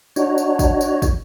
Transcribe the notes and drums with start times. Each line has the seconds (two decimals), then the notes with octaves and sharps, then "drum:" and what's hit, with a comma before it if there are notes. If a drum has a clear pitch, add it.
0.16 D4 D#4 F#4 C#5, drum: tambourine
0.38 drum: tambourine
0.59 drum: kick, tambourine
0.81 drum: tambourine
1.02 drum: kick, tambourine